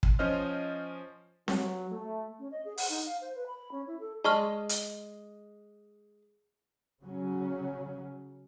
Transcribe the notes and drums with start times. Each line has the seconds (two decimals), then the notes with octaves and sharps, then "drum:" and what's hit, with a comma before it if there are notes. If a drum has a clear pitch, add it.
0.03 drum: kick
0.19 F3 C#4 C5 D#5 F6
1.48 F#3, drum: snare C4
1.91 A3
2.39 C#4
2.52 D#5
2.65 G#4
2.78 F#5, drum: open hi-hat
2.89 D#4
3.06 F5
3.21 C5
3.35 B4
3.46 B5
3.72 C#4
3.87 E4
4.00 A4
4.24 G#3 G#4 D5 D#5 A5 C#6 F6
4.69 drum: hi-hat
7.01 C#3 F#3 C#4